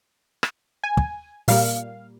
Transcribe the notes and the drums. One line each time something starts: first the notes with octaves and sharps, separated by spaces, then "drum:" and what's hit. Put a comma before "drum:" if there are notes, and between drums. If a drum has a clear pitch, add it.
drum: rim click
G#5
drum: kick
A#2 G3 A#3 F5, drum: open hi-hat